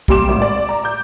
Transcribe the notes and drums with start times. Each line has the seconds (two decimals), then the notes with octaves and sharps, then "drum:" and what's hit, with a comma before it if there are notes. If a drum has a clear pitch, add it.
0.08 C3 G3 A#3 C6 D6 E7, drum: kick
0.28 G#1 A2
0.42 D5
0.69 A#5 D6
0.83 D6 G6